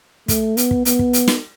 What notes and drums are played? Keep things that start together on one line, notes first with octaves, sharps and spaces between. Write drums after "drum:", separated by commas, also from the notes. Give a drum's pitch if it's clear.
A3, drum: kick, hi-hat
B3, drum: hi-hat
drum: kick
B3, drum: hi-hat
drum: kick
drum: hi-hat
drum: snare